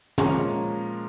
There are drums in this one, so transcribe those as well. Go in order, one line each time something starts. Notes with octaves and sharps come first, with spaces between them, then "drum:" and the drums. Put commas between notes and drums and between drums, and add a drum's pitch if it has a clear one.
A#2 F3 G#3 C#4 A#5 C#6, drum: tom